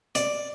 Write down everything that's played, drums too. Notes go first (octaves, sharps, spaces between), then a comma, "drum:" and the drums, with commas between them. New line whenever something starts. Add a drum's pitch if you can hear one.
D5, drum: hi-hat